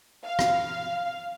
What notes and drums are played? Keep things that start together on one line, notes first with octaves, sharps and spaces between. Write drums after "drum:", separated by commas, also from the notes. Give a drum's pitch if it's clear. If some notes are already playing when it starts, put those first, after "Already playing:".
F5
drum: rim click